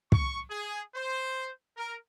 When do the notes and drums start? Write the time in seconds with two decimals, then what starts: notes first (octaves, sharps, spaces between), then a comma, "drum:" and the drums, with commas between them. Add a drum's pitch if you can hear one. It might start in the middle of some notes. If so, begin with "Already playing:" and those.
0.12 C#6, drum: kick
0.50 G#4
0.95 C5
1.77 A#4